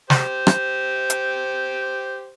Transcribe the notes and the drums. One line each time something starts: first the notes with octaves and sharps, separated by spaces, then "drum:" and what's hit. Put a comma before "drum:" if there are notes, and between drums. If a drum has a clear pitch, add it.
G4 C5, drum: snare
drum: rim click
drum: hi-hat